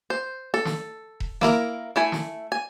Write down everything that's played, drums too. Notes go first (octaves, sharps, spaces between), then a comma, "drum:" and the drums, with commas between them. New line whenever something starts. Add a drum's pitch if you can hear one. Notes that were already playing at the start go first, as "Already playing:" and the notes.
C5
A4
drum: snare
drum: kick E1
A#3 E4 A#4, drum: snare
A3 E4 G#5
drum: snare
G#5